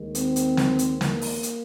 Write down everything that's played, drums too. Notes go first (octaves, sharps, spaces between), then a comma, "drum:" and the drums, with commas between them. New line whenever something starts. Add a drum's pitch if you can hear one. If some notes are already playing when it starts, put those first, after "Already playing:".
Already playing: D#2 D#3 G#3
C4, drum: hi-hat
drum: hi-hat
drum: snare
drum: hi-hat
A#3, drum: snare
drum: open hi-hat
drum: hi-hat